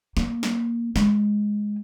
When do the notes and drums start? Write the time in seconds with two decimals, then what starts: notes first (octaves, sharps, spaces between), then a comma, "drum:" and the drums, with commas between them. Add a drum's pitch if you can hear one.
0.17 A#3, drum: snare
0.43 drum: snare
0.96 G#3, drum: snare